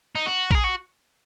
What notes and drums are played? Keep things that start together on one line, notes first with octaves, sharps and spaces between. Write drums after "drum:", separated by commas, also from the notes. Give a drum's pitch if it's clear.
D#4
F#4
A#4, drum: kick
G#4
F#4